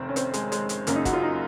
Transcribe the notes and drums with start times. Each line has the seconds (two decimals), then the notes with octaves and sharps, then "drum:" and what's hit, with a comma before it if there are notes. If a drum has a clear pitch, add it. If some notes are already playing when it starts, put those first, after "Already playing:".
Already playing: F1 F2 D#3 C4
0.09 C#4
0.16 C4, drum: hi-hat
0.34 G#3, drum: hi-hat
0.52 G#3, drum: hi-hat
0.69 drum: hi-hat
0.87 F#1 F#2 C#3 A#3, drum: hi-hat
0.96 D#4
1.05 F#4, drum: kick, hi-hat
1.13 F4
1.23 D#4